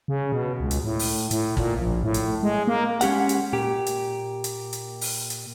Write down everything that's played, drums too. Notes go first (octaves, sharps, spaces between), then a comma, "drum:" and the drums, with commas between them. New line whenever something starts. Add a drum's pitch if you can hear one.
C#3
B2
C#2
drum: hi-hat
A2
drum: open hi-hat
A2, drum: hi-hat
A#2, drum: kick
A#1
A2
drum: hi-hat
G#3
A#3
G#3 C#4 G4 F#5, drum: hi-hat
drum: hi-hat
A#2 G4
drum: hi-hat
drum: hi-hat
drum: hi-hat
drum: open hi-hat
drum: hi-hat